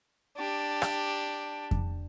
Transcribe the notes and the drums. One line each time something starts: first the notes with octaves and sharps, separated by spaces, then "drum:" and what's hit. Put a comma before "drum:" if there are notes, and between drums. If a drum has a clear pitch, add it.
D4 G4
drum: rim click
drum: kick F2